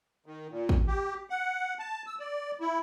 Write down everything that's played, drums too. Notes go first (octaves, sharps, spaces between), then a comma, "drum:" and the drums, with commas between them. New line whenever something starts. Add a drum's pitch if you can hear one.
D#3
A#2
drum: kick
G4
F#5
A5
E6
D5
E4